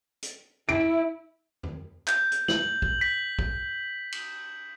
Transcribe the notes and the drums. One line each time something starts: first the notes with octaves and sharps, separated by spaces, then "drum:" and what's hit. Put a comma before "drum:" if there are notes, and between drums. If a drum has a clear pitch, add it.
drum: hi-hat
E4 D7
drum: tom E2
G6, drum: clap
drum: hi-hat
F#7, drum: snare
drum: kick B1
B6
drum: kick B1
drum: cymbal